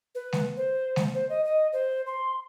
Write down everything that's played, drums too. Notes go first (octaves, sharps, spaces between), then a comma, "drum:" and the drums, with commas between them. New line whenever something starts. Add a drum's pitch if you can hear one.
B4
drum: snare G#3
C5
drum: snare G#3
C5
D#5
D#5
C5
C6